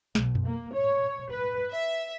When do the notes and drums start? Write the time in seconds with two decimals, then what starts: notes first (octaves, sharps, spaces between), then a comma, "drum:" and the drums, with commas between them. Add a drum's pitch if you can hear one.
0.15 B1, drum: snare
0.35 drum: tom F2
0.45 A#3
0.75 C#5
1.31 B4
1.72 E5